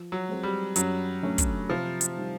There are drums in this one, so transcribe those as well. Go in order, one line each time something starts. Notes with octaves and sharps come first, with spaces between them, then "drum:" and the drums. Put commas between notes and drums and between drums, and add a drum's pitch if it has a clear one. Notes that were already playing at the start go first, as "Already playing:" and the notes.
Already playing: F3
F#3
G#3 C4
G3
F#2 F#3, drum: hi-hat
D3 F#3 A3 C#4
drum: kick, hi-hat
C3 F3
drum: hi-hat
D#3 G3